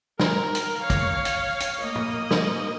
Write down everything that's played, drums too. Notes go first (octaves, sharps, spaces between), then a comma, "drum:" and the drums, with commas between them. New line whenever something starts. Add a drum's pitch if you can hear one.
A#4, drum: snare
drum: hi-hat
C#5 F5
drum: kick, hi-hat
drum: hi-hat
drum: hi-hat
A#3 D#5
drum: tom
drum: snare